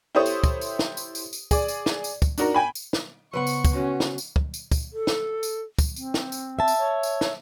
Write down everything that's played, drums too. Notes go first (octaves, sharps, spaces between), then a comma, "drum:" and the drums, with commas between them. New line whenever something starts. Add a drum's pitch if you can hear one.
E4 G4 A4 C5 C#5 D#6
drum: tambourine
drum: kick, tambourine
drum: tambourine
drum: snare
drum: tambourine
drum: tambourine
drum: tambourine
G#4 D5, drum: kick, tambourine
drum: tambourine
drum: snare
drum: tambourine
drum: kick, tambourine
D4 D#4 F#4 A#4, drum: tambourine
G5 G#5 B5
drum: tambourine
drum: snare
C#3 B3 B4 C5 F#5 C#6
drum: tambourine
drum: kick, tambourine
C#4 F#4
drum: snare
drum: tambourine
drum: kick
drum: tambourine
drum: kick, tambourine
A4
drum: snare
drum: tambourine
drum: kick, tambourine
C4, drum: tambourine
drum: snare
drum: tambourine
E5 A5
drum: tambourine
C#5
drum: tambourine
drum: snare